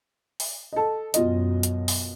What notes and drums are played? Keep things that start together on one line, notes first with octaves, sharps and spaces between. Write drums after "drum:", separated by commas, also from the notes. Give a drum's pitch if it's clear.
drum: open hi-hat
A4 D#5
F#2 B2 F4 D#5, drum: hi-hat
drum: hi-hat
drum: open hi-hat